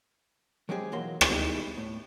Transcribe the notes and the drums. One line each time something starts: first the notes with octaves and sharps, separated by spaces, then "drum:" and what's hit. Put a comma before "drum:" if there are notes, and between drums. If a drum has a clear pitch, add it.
F#3 G#3 C4 G4 G#4
B1 E3 F#3 A#3 C6
drum: rim click
B2 D#3 G3 G#3 D#4 E4
A2